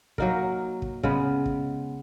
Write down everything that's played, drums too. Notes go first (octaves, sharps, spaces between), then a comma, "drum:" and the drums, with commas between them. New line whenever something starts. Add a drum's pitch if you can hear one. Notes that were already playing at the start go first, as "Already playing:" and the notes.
F#3 A#3 D#4 A#4, drum: kick
drum: kick
C#3 G#3 B3, drum: kick
drum: kick